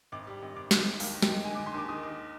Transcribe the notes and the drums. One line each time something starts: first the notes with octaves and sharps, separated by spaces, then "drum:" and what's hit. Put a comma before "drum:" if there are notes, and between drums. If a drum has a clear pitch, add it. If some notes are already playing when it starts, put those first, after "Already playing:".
G#1 D6
G3
G#1
G#1 D6
G#2, drum: snare
G#1
D#2 F5, drum: open hi-hat
D#2
G5, drum: snare
G#3
D3 G#5
D6
D3
C6
D#2 D6
D#3 D#6
D#3